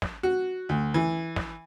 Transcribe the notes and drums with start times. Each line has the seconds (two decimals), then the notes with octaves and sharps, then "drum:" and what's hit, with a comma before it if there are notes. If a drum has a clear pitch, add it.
0.02 drum: snare
0.23 F#4
0.69 D2
0.94 E3
1.36 drum: snare